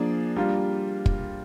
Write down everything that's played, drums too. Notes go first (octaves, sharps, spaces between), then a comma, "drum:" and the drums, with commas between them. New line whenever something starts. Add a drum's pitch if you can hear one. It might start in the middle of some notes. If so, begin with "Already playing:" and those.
Already playing: F3 A#3 D4 G#4 D5
G3 A#3 D4 F4
drum: kick